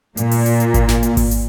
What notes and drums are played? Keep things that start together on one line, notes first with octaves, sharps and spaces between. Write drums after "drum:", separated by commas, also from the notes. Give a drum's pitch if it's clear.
A#2, drum: hi-hat
drum: open hi-hat
drum: hi-hat
drum: hi-hat
drum: kick G#1, hi-hat
drum: snare
drum: hi-hat
drum: kick G#1, open hi-hat
drum: hi-hat